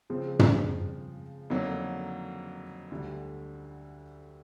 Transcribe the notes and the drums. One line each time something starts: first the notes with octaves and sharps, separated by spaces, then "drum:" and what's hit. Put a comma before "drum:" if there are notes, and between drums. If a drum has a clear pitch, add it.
C#3 F3 G#3 C4
drum: tom
F2 D3 F#3 A#3 D#4
D2 D3 G3